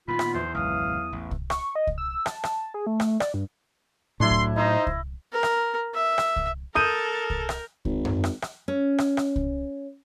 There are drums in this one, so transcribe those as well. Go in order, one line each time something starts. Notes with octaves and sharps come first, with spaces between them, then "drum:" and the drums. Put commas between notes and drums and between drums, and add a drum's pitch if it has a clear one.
A#2 D3 D#3 B3 F4 B5
drum: rim click
E2 C5
G#1 C#2 F#3 F5 D#6
A1
drum: kick C2
C#6, drum: rim click
D#5
drum: kick C2
E6
A5, drum: rim click
drum: rim click
G#4
A3
drum: rim click
D5, drum: rim click
G2
A2 F#3 D4 E4 C6
drum: kick C2
D#4 E4 C5 D#5
drum: kick C2
A#4
drum: rim click
E5
drum: rim click
drum: kick C2
A4 A#4 D#6 G6 D#7
drum: kick C2
drum: rim click
G#1, drum: kick C2
drum: tom F#2
drum: rim click
drum: rim click
C#4
drum: rim click
drum: rim click
drum: kick C2